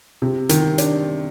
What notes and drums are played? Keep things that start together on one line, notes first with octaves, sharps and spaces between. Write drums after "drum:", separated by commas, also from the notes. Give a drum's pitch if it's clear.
C3
D#3, drum: hi-hat
D4, drum: hi-hat